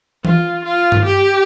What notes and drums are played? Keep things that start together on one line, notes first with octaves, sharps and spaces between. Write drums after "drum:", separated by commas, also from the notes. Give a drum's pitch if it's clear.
F4, drum: tom E3
F4
drum: tom G2
G4